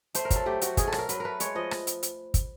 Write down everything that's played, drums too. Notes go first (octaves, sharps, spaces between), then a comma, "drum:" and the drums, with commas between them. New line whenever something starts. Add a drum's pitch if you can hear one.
A3 C5, drum: hi-hat
A#4
F#3, drum: kick, hi-hat
A4
A3 G4
A3 F#4, drum: hi-hat
B2 G#4, drum: kick, hi-hat
A4
F#3, drum: rim click
A#4
F#3 B4, drum: hi-hat
A3 A#4 B4
G#3 C#5, drum: hi-hat
F3 D#5
drum: rim click
drum: hi-hat
drum: hi-hat
drum: kick, hi-hat